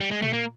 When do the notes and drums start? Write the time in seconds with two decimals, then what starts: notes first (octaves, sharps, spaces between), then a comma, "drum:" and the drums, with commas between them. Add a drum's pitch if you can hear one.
0.01 G3
0.11 G#3
0.22 A3, drum: tom A#2
0.33 A#3